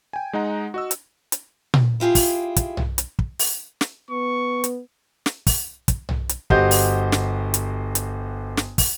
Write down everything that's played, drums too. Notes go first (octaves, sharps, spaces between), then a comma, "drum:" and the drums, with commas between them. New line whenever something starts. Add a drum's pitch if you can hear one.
G5 G#5
G#3 D#4 D#5 F#5 A#5
F#4 D#5 E6
drum: hi-hat
drum: hi-hat
drum: tom A#2
E4 F4 G4 G#4
drum: kick, open hi-hat
drum: kick, hi-hat
drum: tom B1
drum: hi-hat
drum: kick
drum: open hi-hat
drum: snare
B3 C#6
drum: hi-hat
drum: snare
drum: kick, open hi-hat
drum: kick, hi-hat
drum: tom B1
drum: hi-hat
G1 F#4 G4 C5 D#5 G6, drum: kick
drum: open hi-hat
drum: snare
drum: hi-hat
drum: hi-hat
drum: snare
drum: kick, open hi-hat